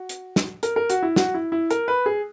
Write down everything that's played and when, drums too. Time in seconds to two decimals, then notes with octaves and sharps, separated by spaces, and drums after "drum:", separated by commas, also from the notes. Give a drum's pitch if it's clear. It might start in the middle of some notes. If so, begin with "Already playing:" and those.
Already playing: F#4
0.09 drum: hi-hat
0.36 drum: snare
0.63 A#4, drum: hi-hat
0.76 A#4
0.90 F#4, drum: hi-hat
1.03 E4
1.16 F#4, drum: snare
1.34 E4
1.52 E4
1.70 A#4, drum: hi-hat
1.88 B4
2.06 G#4